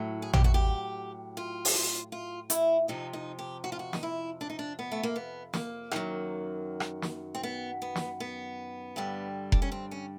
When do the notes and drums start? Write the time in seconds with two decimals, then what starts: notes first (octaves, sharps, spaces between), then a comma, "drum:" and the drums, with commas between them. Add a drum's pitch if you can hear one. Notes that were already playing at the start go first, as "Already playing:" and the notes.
Already playing: A2 F#3
0.22 G#4
0.33 G4, drum: tom
0.44 F#4
0.54 G4
1.37 F4
1.65 drum: open hi-hat
1.74 F4
2.12 F4
2.50 E4, drum: hi-hat
2.88 F2 C3 F3 D#4
3.13 D#4
3.39 G4
3.64 F#4
3.72 F4
3.79 F#4
3.93 D#4, drum: snare
4.03 E4
4.41 D4
4.50 D#4
4.59 D4
4.79 B3
4.92 A3
5.03 A#3
5.16 B3
5.53 A#3, drum: snare
5.91 F#2 D#3 F#3, drum: rim click
6.80 drum: rim click
7.02 drum: snare
7.35 C4
7.43 B3
7.82 B3
7.96 drum: snare
8.20 B3
8.96 G2 D3 G3
9.52 D4, drum: kick F1
9.62 C#4
9.72 C4
9.91 C#4